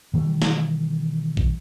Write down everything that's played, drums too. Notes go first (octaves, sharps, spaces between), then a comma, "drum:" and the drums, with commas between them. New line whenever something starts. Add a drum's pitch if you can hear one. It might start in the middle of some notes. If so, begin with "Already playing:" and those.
B2 D#3 E3 G3
drum: snare
drum: kick A#1